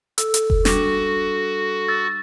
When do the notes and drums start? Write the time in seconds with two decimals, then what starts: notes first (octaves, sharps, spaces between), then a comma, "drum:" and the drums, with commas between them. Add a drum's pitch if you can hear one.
0.18 A4 E6, drum: hi-hat
0.34 drum: hi-hat
0.50 drum: kick F1
0.65 G3 D4 F#4, drum: snare
1.88 E6 A6